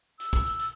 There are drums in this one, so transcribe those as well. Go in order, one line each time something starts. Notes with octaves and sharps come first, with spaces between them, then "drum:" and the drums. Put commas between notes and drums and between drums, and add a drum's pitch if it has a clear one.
E6, drum: hi-hat
drum: kick, hi-hat
drum: hi-hat
drum: hi-hat